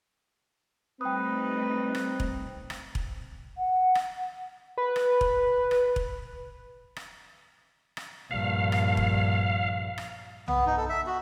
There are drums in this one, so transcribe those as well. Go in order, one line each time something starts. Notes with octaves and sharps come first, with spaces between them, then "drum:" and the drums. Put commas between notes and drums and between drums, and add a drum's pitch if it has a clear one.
G3 A3 C4 D#4 B4 G5 D#6
drum: rim click
drum: kick E1
drum: rim click
drum: kick E1
F#5
drum: rim click
B4
drum: rim click
drum: kick E1
drum: rim click
drum: kick E1
drum: rim click
drum: rim click
A#1 G2 F5
drum: rim click
drum: kick E1
drum: rim click
B3, drum: tom
D#4
A4
E5
F#4